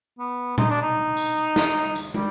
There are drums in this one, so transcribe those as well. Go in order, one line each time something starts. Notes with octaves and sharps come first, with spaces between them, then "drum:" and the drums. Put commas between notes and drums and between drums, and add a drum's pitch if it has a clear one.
B3
D#4, drum: tom A#2
D4
D#4
drum: tambourine
drum: snare
drum: tambourine
G3, drum: tom